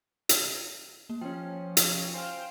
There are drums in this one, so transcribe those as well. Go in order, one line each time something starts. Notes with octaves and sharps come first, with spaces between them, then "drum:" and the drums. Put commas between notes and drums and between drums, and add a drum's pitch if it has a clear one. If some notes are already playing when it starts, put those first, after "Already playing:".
drum: hi-hat
A#3
F3 C#4 G5
drum: hi-hat
C5 F5 G5 G#5 F6